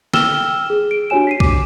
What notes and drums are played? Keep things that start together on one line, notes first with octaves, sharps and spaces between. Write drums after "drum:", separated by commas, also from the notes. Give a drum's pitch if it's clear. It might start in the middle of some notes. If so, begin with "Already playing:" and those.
G5 E6 F6 E7 G7, drum: snare
G#4
D7
D4 F#4 G4 C#5 G#5 E7
B6 C7 D#7
D6, drum: kick B1